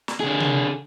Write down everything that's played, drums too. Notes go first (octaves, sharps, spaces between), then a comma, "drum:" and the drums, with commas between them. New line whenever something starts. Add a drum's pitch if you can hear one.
drum: snare
D3 G#4
drum: tom C3